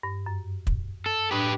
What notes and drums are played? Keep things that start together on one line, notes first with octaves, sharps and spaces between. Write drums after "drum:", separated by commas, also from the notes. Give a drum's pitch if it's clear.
G2
F#2
drum: kick
A4
A2 D4 G4 B4 D#6